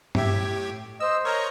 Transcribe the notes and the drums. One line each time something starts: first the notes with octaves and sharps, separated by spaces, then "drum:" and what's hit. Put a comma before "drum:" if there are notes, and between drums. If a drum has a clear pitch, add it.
A2 G4 E5 G#6, drum: tom G2
G5
C5 D#5 E6
A#4 C#5 D#5 A#5